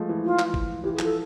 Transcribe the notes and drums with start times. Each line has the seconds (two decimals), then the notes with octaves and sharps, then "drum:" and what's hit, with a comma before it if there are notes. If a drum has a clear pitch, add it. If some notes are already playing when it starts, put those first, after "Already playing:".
Already playing: F3 G#3 A3
0.09 E3
0.19 F3
0.24 E3 F4
0.39 drum: clap
0.54 drum: kick G#1
0.84 E3 G4
0.94 G#4
0.99 F3 A4, drum: clap